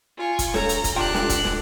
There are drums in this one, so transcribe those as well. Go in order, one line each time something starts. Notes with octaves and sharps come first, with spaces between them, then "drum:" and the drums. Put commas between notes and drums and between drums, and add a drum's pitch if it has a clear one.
F4 G#5 C#6
drum: kick, hi-hat
A4 C5 C#5 A#5, drum: snare
drum: hi-hat
drum: kick, hi-hat
C3 D4 F4 G4 G5 F#6
drum: snare
drum: kick, hi-hat
drum: snare